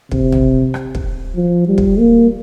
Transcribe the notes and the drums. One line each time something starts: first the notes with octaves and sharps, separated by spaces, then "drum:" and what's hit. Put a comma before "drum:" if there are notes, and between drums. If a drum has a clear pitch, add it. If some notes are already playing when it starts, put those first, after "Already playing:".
C3, drum: kick
drum: tom
drum: rim click
drum: kick
F3
G3
drum: kick
A#3